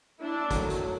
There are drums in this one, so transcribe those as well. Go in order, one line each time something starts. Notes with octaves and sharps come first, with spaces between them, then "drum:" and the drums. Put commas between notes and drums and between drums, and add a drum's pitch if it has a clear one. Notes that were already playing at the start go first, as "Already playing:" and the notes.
D4 E4
D#3 F#3 A3, drum: kick, hi-hat
drum: hi-hat